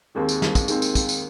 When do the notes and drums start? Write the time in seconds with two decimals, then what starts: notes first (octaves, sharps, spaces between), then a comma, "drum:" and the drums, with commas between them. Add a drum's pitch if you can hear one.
0.15 D#2 D#3 G#3 C4
0.29 drum: tambourine
0.42 drum: snare
0.55 drum: kick, tambourine
0.68 D#2 D#3 G#3 C4, drum: tambourine
0.82 drum: tambourine
0.95 drum: kick, tambourine
1.09 drum: tambourine